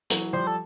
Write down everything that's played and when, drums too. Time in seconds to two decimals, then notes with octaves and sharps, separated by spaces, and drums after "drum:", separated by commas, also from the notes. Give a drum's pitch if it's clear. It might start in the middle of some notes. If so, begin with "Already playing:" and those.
0.10 E3 F#3, drum: hi-hat
0.33 F3 G3 C5
0.47 A4